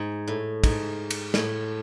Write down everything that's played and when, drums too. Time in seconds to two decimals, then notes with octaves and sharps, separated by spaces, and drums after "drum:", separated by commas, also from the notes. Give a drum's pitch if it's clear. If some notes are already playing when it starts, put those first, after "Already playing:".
Already playing: G#2
0.28 A2
0.64 G#2, drum: kick, cymbal
1.10 drum: cymbal
1.34 A2, drum: snare